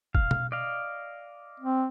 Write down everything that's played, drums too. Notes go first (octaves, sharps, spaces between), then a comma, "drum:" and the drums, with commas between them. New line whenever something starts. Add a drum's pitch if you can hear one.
F5, drum: kick
drum: tom B2
D5 D#5 F5
C4